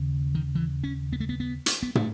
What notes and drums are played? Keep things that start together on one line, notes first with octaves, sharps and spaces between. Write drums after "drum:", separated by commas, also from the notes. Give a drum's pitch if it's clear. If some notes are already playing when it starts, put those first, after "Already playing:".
Already playing: D#2 C#3
D#3
E3
C#4
B3
A3
B3
B3
drum: hi-hat
B3
A3, drum: tom